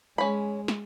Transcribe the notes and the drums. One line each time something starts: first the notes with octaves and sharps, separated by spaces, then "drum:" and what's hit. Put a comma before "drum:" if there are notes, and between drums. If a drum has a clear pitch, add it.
G#3 C#4 B5
drum: snare